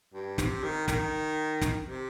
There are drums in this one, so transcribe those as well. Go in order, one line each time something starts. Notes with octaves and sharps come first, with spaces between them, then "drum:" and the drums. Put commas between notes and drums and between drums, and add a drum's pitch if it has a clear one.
G2
C3, drum: snare
D#3
D#3, drum: snare
drum: snare
C3